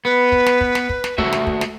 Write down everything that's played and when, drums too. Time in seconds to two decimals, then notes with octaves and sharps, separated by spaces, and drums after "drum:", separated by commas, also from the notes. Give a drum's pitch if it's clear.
0.05 B3 B4
0.32 drum: kick
0.46 drum: snare
0.61 drum: kick
0.75 drum: snare
0.89 drum: kick
1.04 drum: snare
1.18 A3 F#4 E5, drum: kick
1.33 drum: snare
1.47 drum: kick
1.61 drum: snare